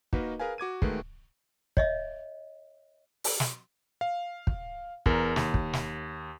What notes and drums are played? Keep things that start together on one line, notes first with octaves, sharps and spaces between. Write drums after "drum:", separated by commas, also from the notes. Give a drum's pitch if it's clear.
A#3 D#4 F#4 A#4 B4 D#5, drum: kick
G#4 A#4 B4 F5 G#5
F#4 D6 G#6 D#7
D#3 G#3 A3 F#4 B4, drum: kick
C#5 D#5 E5, drum: kick
drum: open hi-hat
drum: snare
F5
drum: kick
E2 A#4, drum: kick
D#2, drum: snare
drum: kick
drum: snare